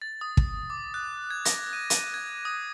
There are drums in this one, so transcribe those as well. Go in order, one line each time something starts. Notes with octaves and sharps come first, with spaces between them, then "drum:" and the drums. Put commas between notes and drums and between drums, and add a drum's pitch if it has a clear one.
A6
D#6
drum: kick
D6
F#6
G#6
A#6, drum: hi-hat
D#7
D#7, drum: hi-hat
G#6
D#6